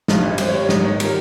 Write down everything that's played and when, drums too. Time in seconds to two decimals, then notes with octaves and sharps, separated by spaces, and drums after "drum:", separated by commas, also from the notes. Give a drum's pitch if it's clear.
0.08 G2 D#5, drum: snare
0.22 G#1
0.38 G#1 C5, drum: cymbal
0.49 C#5
0.53 G3
0.59 C#5
0.69 G#2 D#5, drum: snare
0.84 D#3 C#5
1.00 G3 A#4, drum: cymbal